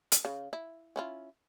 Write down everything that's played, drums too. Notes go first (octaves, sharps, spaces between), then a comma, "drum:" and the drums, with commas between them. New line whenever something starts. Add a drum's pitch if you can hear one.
drum: hi-hat
C#3
E4
C#4 E4 F4